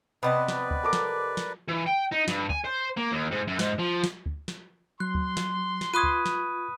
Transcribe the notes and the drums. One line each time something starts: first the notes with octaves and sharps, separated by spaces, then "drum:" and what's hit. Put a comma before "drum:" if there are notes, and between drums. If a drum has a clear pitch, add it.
C3 B3 B4 D5 D#5 A5
drum: snare
drum: kick D2
A4 A#4 D6
drum: snare
drum: snare
E3
G5
D#4
G2, drum: snare
G#5, drum: kick D2
C5
A#3
D#2
G#2
F#2
G#2, drum: snare
F3
drum: snare
drum: kick D2
drum: snare
F#3 C6 F#6
drum: kick D2
drum: snare
drum: snare
F4 B4 C#6 D#6 F#6 G#6 D#7
drum: kick D2
drum: snare